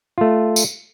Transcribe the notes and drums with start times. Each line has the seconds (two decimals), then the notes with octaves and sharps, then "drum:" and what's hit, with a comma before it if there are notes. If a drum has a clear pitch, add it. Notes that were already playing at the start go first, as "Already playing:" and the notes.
0.18 A3 F4
0.56 drum: tambourine